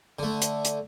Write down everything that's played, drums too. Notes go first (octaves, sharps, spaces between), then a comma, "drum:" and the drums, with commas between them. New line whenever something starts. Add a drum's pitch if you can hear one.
D3 A3
drum: hi-hat
drum: hi-hat